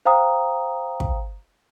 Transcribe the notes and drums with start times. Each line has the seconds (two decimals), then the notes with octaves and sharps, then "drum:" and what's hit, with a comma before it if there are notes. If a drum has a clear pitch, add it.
0.05 C5 F5 G5 A#5 D#6
1.00 drum: kick